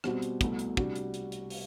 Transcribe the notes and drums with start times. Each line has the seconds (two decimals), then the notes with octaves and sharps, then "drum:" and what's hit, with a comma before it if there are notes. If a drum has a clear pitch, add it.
0.04 B2 G3 C4 F#4, drum: rim click
0.22 drum: hi-hat
0.41 C2 B2 A3, drum: kick, hi-hat
0.59 drum: hi-hat
0.77 C3 G3 D4 F#4, drum: kick
0.96 drum: hi-hat
1.14 drum: hi-hat
1.32 drum: hi-hat
1.50 drum: open hi-hat